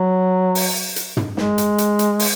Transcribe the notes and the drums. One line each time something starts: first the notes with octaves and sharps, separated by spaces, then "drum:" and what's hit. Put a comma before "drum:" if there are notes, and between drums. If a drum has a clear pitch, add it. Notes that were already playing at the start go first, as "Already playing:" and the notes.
Already playing: F#3
drum: open hi-hat
drum: hi-hat
drum: tom
G#3, drum: snare
drum: hi-hat
drum: hi-hat
drum: hi-hat
drum: open hi-hat